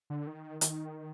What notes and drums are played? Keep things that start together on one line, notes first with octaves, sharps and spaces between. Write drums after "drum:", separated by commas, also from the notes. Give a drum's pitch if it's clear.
D3
D#3
D#3, drum: hi-hat